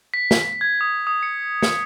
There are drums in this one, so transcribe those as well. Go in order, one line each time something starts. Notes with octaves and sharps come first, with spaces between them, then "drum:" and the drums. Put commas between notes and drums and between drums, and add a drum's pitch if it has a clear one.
B6
drum: snare
G#6
D#6
D#6
C#7
C#7, drum: snare